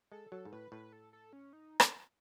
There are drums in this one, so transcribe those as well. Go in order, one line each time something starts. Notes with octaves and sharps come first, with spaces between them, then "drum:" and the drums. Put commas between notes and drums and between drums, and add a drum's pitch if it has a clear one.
G#3 A4
F#3 A4
G#2
A2 B4
A2 B4
A4
A4
C#4
D#4
drum: rim click